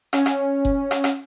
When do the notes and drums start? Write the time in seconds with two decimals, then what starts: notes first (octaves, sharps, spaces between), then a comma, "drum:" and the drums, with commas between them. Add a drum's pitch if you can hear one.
0.13 C#4, drum: rim click
0.26 drum: rim click
0.65 drum: kick F#1
0.91 drum: rim click
1.04 drum: rim click